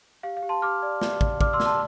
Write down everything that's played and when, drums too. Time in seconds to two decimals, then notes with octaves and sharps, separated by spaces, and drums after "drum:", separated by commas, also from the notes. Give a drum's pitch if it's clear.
0.23 G4 F5
0.37 F5
0.42 G4
0.49 A5 C6
0.62 G4 D6 F6
0.82 D5
1.01 D5, drum: snare
1.21 D5, drum: kick
1.41 D5 D6 F6, drum: kick
1.53 C6 E6
1.60 D5, drum: snare
1.66 A5 C6